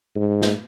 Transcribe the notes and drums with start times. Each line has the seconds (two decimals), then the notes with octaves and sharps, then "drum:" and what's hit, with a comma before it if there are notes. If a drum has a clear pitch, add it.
0.16 G#2
0.42 drum: snare